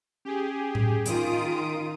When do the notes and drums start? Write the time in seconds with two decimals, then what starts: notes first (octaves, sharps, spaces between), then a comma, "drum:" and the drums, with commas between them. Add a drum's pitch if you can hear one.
0.25 C#4 G4 G#4 G#5
0.75 drum: tom A2
1.06 D#3 F4 D#6 D7, drum: hi-hat